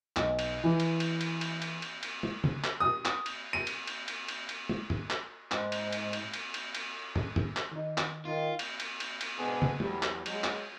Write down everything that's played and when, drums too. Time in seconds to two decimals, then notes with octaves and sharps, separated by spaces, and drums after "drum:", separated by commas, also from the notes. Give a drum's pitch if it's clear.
0.16 B1, drum: clap
0.39 drum: cymbal
0.64 E3
0.80 drum: cymbal
1.00 drum: cymbal
1.21 drum: cymbal
1.41 drum: cymbal
1.62 drum: cymbal
1.82 drum: cymbal
2.03 drum: cymbal
2.23 drum: tom
2.44 drum: tom
2.64 drum: clap
2.80 D#6
3.05 drum: clap
3.26 drum: cymbal
3.53 D#7
3.67 drum: cymbal
3.87 drum: cymbal
4.08 drum: cymbal
4.28 drum: cymbal
4.49 drum: cymbal
4.69 drum: tom
4.90 drum: tom
5.10 drum: clap
5.51 G#2, drum: clap
5.72 drum: cymbal
5.93 drum: cymbal
6.13 drum: cymbal
6.34 drum: cymbal
6.54 drum: cymbal
6.75 drum: cymbal
7.16 drum: tom
7.36 drum: tom
7.57 drum: clap
7.72 D#3 D#4
7.98 drum: clap
8.25 D#3 F4
8.59 drum: cymbal
8.80 drum: cymbal
9.00 drum: cymbal
9.21 drum: cymbal
9.37 G#2 B2 B3 D4 G#4
9.62 drum: tom
9.80 E2 F#3 G3, drum: tom
10.03 drum: clap
10.26 F#3 G#3, drum: cymbal
10.44 drum: clap